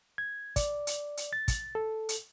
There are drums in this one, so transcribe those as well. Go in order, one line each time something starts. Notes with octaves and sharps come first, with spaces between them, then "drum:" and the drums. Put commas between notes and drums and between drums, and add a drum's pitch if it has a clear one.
G#6
D5, drum: kick, hi-hat
drum: hi-hat
drum: hi-hat
A6
drum: kick, hi-hat
A4
drum: hi-hat